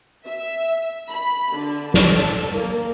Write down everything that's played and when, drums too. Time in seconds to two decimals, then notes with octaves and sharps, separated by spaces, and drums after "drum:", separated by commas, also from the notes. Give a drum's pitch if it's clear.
0.26 E5
1.11 B5
1.53 D3
1.94 A4, drum: snare
2.54 A#3